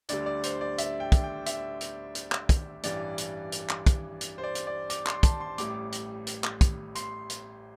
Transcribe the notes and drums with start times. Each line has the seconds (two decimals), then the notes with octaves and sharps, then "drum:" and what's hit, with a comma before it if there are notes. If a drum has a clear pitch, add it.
0.09 D2 D3 G3 D5, drum: hi-hat
0.26 D5
0.43 C5, drum: hi-hat
0.61 D5
0.78 E5, drum: hi-hat
1.00 G5
1.12 drum: kick, hi-hat
1.24 G5
1.46 E5, drum: hi-hat
1.81 drum: hi-hat
2.15 drum: hi-hat
2.32 drum: clap
2.49 drum: kick, hi-hat
2.83 A1 G2 E3 G3 D5, drum: hi-hat
3.18 drum: hi-hat
3.52 drum: hi-hat
3.69 drum: clap
3.86 drum: kick, hi-hat
4.21 drum: hi-hat
4.38 C5
4.44 D5
4.55 drum: hi-hat
4.67 D5
4.90 D6, drum: hi-hat
5.07 C6, drum: clap
5.23 A5, drum: kick, hi-hat
5.40 C6
5.58 A1 A2 G3 D6, drum: hi-hat
5.92 drum: hi-hat
6.27 drum: hi-hat
6.44 drum: clap
6.61 drum: kick, hi-hat
6.95 C6, drum: hi-hat
7.30 drum: hi-hat